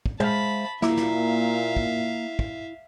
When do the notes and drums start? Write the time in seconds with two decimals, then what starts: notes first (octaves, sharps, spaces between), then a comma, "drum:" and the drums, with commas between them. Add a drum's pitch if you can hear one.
0.06 drum: kick
0.20 G#3 C5 E5 F5 A5 B5, drum: tom
0.82 A#2 A#3 E4 E5 F5, drum: snare
0.97 drum: snare
1.77 drum: kick
2.39 drum: kick